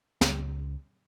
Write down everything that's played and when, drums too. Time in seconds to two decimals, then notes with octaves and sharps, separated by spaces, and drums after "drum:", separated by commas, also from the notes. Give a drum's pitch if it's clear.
0.21 C#2, drum: snare